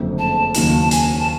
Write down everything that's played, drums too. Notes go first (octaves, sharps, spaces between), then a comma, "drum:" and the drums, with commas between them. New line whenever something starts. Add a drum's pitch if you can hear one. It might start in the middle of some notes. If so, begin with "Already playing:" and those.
Already playing: F#1 F2 D3 F#3 A3
A5
D#2 C#3 F#3 A#3 D#4 A5, drum: hi-hat
A5
G#5, drum: hi-hat
A5